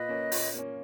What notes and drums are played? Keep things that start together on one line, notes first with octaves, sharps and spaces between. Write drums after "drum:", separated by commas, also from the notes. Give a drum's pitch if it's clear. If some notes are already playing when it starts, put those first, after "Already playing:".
Already playing: A#2 B4 D#5
A#3 C#4
A#2, drum: open hi-hat
A#3 C#4